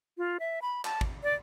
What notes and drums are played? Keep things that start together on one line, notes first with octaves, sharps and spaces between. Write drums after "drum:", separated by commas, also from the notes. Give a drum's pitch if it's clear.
F4
E5
B5
A5, drum: clap
drum: kick
D5